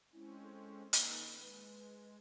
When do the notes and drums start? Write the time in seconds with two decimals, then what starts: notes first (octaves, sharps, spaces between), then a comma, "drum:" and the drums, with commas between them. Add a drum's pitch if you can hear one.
0.13 G#3 C4 C#4 E4
0.42 A4
0.93 D#3 A#3 D#4 B4, drum: hi-hat
1.41 G#3 B4